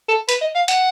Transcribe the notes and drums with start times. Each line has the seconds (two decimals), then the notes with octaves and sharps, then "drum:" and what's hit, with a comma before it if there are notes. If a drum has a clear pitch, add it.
0.09 A4
0.29 B4, drum: hi-hat
0.41 D#5
0.55 F5
0.68 F#5, drum: hi-hat